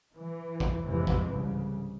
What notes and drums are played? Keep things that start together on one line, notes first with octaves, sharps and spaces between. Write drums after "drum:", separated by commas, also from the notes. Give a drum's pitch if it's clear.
E3
drum: kick A1
F2 G#2 C3 E3
drum: kick A1
C2 C#3